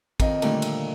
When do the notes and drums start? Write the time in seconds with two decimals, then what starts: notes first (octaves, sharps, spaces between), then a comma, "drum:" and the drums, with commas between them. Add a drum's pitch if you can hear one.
0.20 F2 D#3 D#5, drum: kick A1, cymbal
0.42 A#2 D3 D#3 F3 G3 A3, drum: cymbal
0.62 drum: cymbal